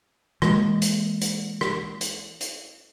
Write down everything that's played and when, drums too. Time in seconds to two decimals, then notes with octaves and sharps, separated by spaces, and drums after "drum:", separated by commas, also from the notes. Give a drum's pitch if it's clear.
0.42 E3 G#3 A#3, drum: rim click
0.82 drum: hi-hat
1.21 drum: hi-hat
1.61 drum: rim click
2.01 drum: hi-hat
2.41 drum: hi-hat